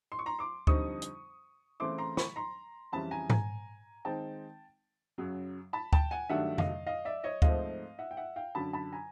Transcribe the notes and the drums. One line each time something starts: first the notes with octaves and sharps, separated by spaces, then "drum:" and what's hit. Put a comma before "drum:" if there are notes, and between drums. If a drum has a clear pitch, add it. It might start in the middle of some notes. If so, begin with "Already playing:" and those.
C6
C#6
A#5 C6
C6 D6
F2 D3 G3 C4 D#4 C#6 D#6, drum: kick D2
drum: hi-hat
C#3 E3 A3 C4 E4 C6 D6
A#5 C6
B5 C#6, drum: snare
A#5 C6
F2 C#3 E3 G3 A5 B5
G#5 A#5
G#5 A#5, drum: tom G#2
D#3 G#3 C4 D#4 G5 A5
F#2 C#3 F#3
A5 B5
G5 A5, drum: kick D2
F#5 G#5
G2 D#3 F#3 A3 D4 E5 F#5
D#5 F5, drum: tom F2
D#5 F5
D5 E5
C#5 D#5
G#2 F3 A3 C4 D#5 F5, drum: kick D2
E5 F#5
G5
E5 F#5
F5 G5
F#2 D3 F#3 A5 B5
A5 B5
G#5 A#5